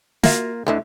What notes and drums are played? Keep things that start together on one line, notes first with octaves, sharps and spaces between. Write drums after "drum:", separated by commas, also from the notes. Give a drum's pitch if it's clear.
A#3 F4 F#4 E5 A#5, drum: snare
D2 D3 A3 E4 D#5